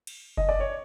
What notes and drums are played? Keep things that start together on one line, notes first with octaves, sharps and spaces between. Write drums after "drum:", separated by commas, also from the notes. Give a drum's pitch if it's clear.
drum: cymbal
D#5, drum: kick F#1
D5
C#5